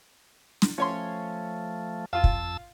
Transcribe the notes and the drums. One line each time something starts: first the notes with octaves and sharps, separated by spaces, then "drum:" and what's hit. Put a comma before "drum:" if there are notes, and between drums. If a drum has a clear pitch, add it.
drum: snare
F3 A3 C#4 C#5 C6
F2 F4 F5 A5 E6
drum: kick